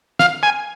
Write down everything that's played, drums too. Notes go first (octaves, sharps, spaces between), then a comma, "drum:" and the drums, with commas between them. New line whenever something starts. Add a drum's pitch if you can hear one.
F5, drum: snare
G#5